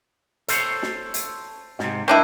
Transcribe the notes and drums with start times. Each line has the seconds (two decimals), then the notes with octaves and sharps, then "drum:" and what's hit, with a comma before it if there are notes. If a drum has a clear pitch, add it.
0.48 A4 C5 C#5, drum: hi-hat
0.83 drum: snare
1.14 drum: hi-hat
1.79 G#2 C3, drum: snare
2.08 D#3 D4 E4 C5 D#5